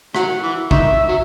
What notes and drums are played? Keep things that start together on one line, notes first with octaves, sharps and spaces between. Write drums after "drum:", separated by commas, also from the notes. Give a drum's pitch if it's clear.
F#3 F#5, drum: rim click
E3
D#3 E5, drum: kick
F#3